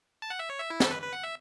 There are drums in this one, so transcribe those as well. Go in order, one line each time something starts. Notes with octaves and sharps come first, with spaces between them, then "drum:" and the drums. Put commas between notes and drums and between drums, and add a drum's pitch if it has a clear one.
A5
F#5
E5
C#5
E5
E4
A4, drum: snare
B4
B4
F#5
E5